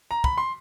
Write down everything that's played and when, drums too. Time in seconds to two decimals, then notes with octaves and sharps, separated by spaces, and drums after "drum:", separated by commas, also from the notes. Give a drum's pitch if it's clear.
0.11 A#5
0.24 B5, drum: kick
0.38 C6